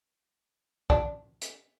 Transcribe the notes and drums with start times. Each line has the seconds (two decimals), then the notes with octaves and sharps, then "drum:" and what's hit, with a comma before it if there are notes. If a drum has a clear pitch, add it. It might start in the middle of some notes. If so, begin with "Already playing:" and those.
0.90 D4, drum: kick
1.41 drum: hi-hat